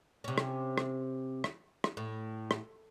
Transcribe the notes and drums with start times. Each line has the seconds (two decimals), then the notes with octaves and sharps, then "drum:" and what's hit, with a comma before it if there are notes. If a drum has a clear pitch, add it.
0.24 C3 C#4
0.38 drum: rim click
0.78 drum: rim click
1.44 drum: rim click
1.84 drum: rim click
1.97 A2
2.51 drum: rim click